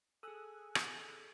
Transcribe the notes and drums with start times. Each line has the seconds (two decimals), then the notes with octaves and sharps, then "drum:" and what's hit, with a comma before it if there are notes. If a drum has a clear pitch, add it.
0.23 G#4 A4 G#5 D#6 E6 F#6
0.75 drum: rim click